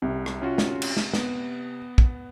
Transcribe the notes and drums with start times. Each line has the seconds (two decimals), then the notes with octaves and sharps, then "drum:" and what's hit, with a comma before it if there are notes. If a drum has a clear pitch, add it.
0.02 C2 C3
0.26 drum: rim click
0.42 C#4 F4 F#4
0.58 drum: snare
0.82 drum: cymbal
0.97 drum: snare
1.13 B3, drum: snare
1.98 drum: kick